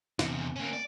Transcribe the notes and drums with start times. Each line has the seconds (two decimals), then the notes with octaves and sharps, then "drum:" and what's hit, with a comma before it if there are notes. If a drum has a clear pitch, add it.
0.19 E2 C3, drum: snare
0.56 A#3 C#4
0.73 D5